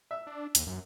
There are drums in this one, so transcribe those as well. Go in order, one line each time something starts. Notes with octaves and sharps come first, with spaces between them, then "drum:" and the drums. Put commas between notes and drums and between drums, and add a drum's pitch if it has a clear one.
E5
D4
D#2, drum: hi-hat
F#2